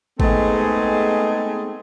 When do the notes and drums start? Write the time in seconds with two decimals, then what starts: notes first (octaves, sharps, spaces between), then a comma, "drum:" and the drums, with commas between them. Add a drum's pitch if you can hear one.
0.20 G#3 A3 B3 C4 D#4 G#4, drum: kick G#1